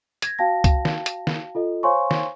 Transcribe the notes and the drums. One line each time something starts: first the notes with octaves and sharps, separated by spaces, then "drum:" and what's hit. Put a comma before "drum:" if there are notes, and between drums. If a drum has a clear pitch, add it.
G#6 A#6, drum: hi-hat
F#4 F5 G5 A5 A#6
drum: kick, hi-hat
drum: snare
drum: hi-hat
drum: snare
F4 A4 D#5
C5 C#5 F5 G#5 C6 C#6
drum: snare